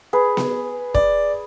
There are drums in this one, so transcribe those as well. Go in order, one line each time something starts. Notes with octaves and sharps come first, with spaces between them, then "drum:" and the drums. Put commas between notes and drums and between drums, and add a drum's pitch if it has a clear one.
G#4 B4
drum: snare B3
D5, drum: kick